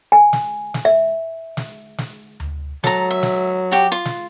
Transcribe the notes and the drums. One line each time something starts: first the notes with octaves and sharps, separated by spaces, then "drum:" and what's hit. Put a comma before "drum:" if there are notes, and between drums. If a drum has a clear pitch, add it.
G#5
drum: snare
drum: snare
E5
drum: snare
drum: snare
drum: tom D2
F#3 A4 A#5, drum: snare
E5
drum: snare
F#4 G4
F4
drum: snare